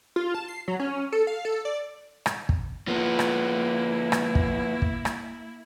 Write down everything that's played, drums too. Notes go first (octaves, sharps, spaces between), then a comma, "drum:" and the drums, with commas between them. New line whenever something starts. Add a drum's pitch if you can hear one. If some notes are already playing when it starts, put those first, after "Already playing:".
F4
A5
C7
F#3
C#4
A4
F5
A4
D5
drum: rim click
drum: kick
F3 A#3 B3 E4
drum: rim click
drum: rim click
drum: kick
drum: kick
drum: rim click